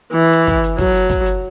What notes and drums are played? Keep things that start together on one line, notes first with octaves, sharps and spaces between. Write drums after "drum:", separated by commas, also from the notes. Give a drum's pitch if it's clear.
E3
drum: hi-hat
drum: kick, hi-hat
drum: hi-hat
F#3, drum: kick, hi-hat
drum: hi-hat
drum: kick, hi-hat
drum: hi-hat